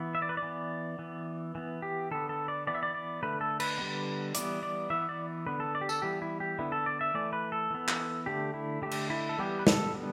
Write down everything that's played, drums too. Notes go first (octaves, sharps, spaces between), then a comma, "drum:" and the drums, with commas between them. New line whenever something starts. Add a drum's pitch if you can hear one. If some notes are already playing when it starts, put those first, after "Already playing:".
Already playing: E3 B3
E5
D5
B4
D5
E3 B3
E3 B3
E3 B3
G4
D3 B3 A4
A4
D5
E3 B3 D5
E5
D5
D5
D3 A3 B4
A4
B4, drum: cymbal
D3 G3 B3
E3 G3 B3 D5, drum: hi-hat
D5
E3 B3 E5
D5
D3 B3 B4
A4
D5
G4
A4, drum: tambourine
E3 G3 B3 G4
E4
G4
D3 B3 E4
A4
D5
E5
E3 A3 D5
B4
A4
E3 B3
drum: clap
D3 A3 G4
E4
D3 A3 G4
drum: cymbal
E4
A4
E3 G3 B3 G4
B4
A4, drum: snare
D3 G3 B3